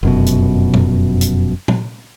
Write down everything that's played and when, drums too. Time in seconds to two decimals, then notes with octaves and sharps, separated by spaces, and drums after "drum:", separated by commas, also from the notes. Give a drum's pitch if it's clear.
0.03 F1 F#2 B2
0.26 drum: hi-hat
0.74 drum: tom
1.21 drum: hi-hat
1.68 drum: tom